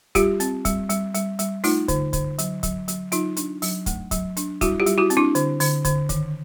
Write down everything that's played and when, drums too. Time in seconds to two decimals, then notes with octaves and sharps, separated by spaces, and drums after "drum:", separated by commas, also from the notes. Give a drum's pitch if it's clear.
0.15 G3 F4 G4, drum: kick, hi-hat
0.40 C4, drum: hi-hat
0.65 G3, drum: kick, hi-hat
0.90 G3, drum: hi-hat
1.14 G3, drum: hi-hat
1.39 G3, drum: hi-hat
1.64 A3 D#4 F4, drum: open hi-hat
1.88 D3, drum: kick, hi-hat
2.13 D3, drum: kick, hi-hat
2.39 F#3, drum: hi-hat
2.63 F#3, drum: kick, hi-hat
2.88 F#3, drum: hi-hat
3.12 F#3 D#4 F4, drum: hi-hat
3.37 D4, drum: hi-hat
3.62 F#3, drum: open hi-hat
3.86 A3, drum: kick, hi-hat
4.11 F#3, drum: kick, hi-hat
4.37 D4, drum: hi-hat
4.61 G3 E4 F#4, drum: kick, hi-hat
4.80 F4 G4
4.86 G3, drum: hi-hat
4.98 E4 F#4
5.10 C4, drum: hi-hat
5.17 D4 E4
5.35 D3, drum: hi-hat
5.60 D3, drum: open hi-hat
5.85 D3, drum: kick, hi-hat
6.09 D#3, drum: kick, hi-hat